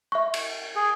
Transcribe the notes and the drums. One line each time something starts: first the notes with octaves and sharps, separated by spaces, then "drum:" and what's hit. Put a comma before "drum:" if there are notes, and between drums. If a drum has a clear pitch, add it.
E5 C#6
drum: cymbal
G#4